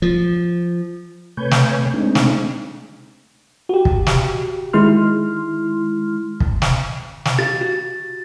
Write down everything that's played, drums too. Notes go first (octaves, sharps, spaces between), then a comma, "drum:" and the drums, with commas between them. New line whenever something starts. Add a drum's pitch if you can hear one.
F3
C3 A3 B4 C#5 G#5 G6
drum: snare
G#3 A3 C4 D4 D#4
drum: snare
F#4 G4
drum: kick
drum: snare
D#3 G#3 E4 C6 F6
drum: kick
drum: snare
drum: snare
G4 F5 A6
F#4